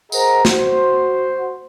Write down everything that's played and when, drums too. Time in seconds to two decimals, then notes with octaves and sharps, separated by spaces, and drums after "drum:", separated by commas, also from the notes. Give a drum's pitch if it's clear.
0.12 G#4 A#4 C5 D#5 F#5 A#5, drum: tambourine
0.45 F#4 C5, drum: snare